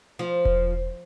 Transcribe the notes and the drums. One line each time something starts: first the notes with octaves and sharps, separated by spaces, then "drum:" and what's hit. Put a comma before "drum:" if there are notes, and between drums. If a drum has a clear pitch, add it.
F3
drum: kick E1